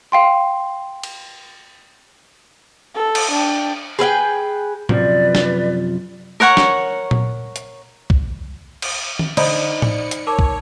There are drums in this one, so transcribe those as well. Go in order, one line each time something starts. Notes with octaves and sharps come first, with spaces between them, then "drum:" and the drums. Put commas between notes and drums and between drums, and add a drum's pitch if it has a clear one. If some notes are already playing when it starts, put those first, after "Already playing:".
F5 G5 C6
drum: cymbal
A4
drum: cymbal
D4 G5
G#4 B4 F5 G5
F#2 C3 F3 B4 D5, drum: tom A2
drum: snare
A#4 C#5 F#5 C#6
drum: snare
drum: tom A#2
drum: hi-hat
drum: kick
drum: cymbal
drum: tom D#3
D3 D#4 C5 D5 B5, drum: cymbal
C#7, drum: tom A2
drum: hi-hat
A#4 C#5 A5 D6
drum: kick